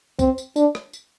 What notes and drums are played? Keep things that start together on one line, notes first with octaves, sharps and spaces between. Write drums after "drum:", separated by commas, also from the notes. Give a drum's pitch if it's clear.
C4, drum: kick C2, tambourine
drum: tambourine
D4, drum: tambourine
drum: rim click
drum: tambourine